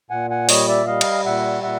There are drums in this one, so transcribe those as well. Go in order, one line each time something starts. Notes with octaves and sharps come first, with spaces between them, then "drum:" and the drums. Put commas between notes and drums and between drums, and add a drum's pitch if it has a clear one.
A#2 F#5 G#5
F#5 G#5
G3 C#5 D#5, drum: open hi-hat
D5 E5
G3 D#5 F5
drum: cymbal
A#2 E5 F#5
A#2 E5 F#5